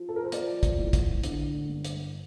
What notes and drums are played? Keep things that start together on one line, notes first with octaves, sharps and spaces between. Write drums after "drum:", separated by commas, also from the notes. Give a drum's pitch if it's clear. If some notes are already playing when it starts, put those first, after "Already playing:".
Already playing: F3
A4
A#4
C5
F3 D5, drum: hi-hat
drum: kick, hi-hat
A2
drum: kick, hi-hat
D3, drum: hi-hat
G2
drum: hi-hat